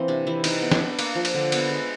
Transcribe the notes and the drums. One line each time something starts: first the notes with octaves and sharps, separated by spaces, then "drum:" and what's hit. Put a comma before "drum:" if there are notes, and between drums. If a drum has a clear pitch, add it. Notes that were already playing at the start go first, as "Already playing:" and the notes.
Already playing: E3 A#3 C4
C3 D4
E3 E4
E3 D#4, drum: cymbal
B3
D4, drum: snare
B3
A#3, drum: cymbal
F3
drum: cymbal
D3
B3, drum: cymbal
G#3